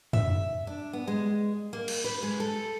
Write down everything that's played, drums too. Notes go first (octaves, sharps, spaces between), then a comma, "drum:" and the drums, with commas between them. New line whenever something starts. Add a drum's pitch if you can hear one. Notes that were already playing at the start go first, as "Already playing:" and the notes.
E5, drum: tom
D4
B3
G#3
A#3
drum: cymbal
B4
G#3
A4